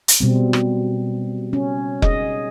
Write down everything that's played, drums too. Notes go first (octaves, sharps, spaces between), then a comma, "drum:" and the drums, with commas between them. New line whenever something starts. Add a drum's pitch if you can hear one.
drum: hi-hat
B2 G3 C4
drum: rim click
C#4
G#4 D#5, drum: kick F1